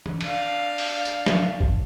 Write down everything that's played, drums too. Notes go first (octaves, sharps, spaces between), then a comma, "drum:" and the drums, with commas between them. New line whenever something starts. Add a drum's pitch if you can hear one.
drum: tom
D4 F5, drum: cymbal
drum: open hi-hat
drum: tambourine
drum: snare
drum: kick